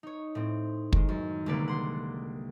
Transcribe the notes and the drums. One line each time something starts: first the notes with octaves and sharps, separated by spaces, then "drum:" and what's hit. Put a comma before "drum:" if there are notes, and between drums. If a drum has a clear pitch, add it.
D#4 C#5
A2 C4
D#3 G#3, drum: kick
F#2
C2 D3 G#3 A#3 B4 D5
F#5 C6